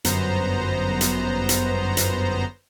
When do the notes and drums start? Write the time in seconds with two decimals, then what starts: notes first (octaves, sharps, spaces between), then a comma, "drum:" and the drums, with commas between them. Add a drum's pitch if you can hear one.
0.05 G1 F#2 B3 C5 A#5, drum: hi-hat
1.01 drum: hi-hat
1.49 drum: hi-hat
1.97 drum: hi-hat